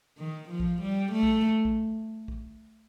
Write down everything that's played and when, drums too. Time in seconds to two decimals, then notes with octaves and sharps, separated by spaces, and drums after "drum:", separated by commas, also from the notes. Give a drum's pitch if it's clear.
0.18 D#3
0.49 F3
0.60 drum: kick
0.81 G3
1.12 A3
1.23 drum: kick
1.65 drum: kick
2.28 drum: kick